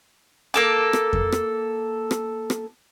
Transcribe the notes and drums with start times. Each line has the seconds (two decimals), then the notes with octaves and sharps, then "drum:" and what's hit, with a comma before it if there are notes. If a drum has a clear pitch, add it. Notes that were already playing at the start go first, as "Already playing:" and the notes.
0.54 A#3 A4 D6
0.93 drum: rim click
1.13 drum: kick F2
1.32 drum: rim click
2.11 drum: rim click
2.50 drum: rim click